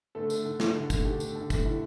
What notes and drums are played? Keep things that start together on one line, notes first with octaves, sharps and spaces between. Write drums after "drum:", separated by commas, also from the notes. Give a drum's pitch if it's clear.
D3 A3 A4
A3, drum: tambourine
D3
A3, drum: snare
D3
A3, drum: kick, tambourine
D3 G4
A3, drum: tambourine
D3
A3, drum: kick, tambourine
D3 E4